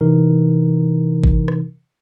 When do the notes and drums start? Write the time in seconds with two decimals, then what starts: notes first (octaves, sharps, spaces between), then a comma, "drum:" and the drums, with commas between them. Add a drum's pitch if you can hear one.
0.01 C3 E3 D#4 A#4
1.24 drum: kick
1.48 drum: rim click